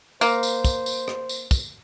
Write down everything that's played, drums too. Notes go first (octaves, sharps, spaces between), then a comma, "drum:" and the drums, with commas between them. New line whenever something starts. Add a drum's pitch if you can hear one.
A#3 C5, drum: tambourine
drum: tambourine
drum: kick, tambourine
drum: tambourine
drum: rim click
drum: tambourine
drum: kick, tambourine